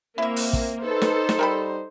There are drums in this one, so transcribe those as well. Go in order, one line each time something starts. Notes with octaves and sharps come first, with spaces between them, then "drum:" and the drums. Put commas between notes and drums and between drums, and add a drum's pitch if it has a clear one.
A#3 C4 E4 E5
drum: open hi-hat
drum: kick
D#4 A4 B4 C5
drum: snare
drum: snare
G3 A#4 G5 B5